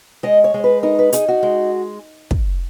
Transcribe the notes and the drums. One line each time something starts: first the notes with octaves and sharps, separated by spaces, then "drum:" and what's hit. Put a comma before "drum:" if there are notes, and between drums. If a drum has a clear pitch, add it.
G#3 D#5
C#5
G#3
B4
D#4 A#4
B4
D#4 G#4, drum: hi-hat
F#4
G#3
drum: kick